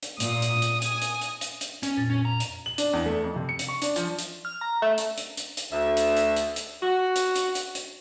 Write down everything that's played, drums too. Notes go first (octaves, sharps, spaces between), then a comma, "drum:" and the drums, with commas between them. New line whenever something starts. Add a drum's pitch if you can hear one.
drum: hi-hat
A#2 D#6, drum: hi-hat
drum: hi-hat
drum: hi-hat
G#5, drum: hi-hat
drum: hi-hat
drum: hi-hat
drum: hi-hat
drum: hi-hat
C#4, drum: hi-hat
F2 A#2 A6
C#4
A#5
drum: hi-hat
F#7
D4, drum: hi-hat
E2
A3
F2
C3
C#7
drum: hi-hat
C#6
D4, drum: hi-hat
F3, drum: hi-hat
drum: hi-hat
F6
A#5
A3 E5
drum: hi-hat
drum: hi-hat
drum: hi-hat
drum: hi-hat
D2 E5
drum: hi-hat
drum: hi-hat
drum: hi-hat
drum: hi-hat
F#4
drum: hi-hat
drum: hi-hat
drum: hi-hat
drum: hi-hat